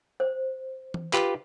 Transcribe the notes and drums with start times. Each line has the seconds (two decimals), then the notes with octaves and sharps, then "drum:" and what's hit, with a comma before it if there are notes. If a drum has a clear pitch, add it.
0.20 C5
0.94 drum: tom E3
1.13 F4 G4 B4, drum: clap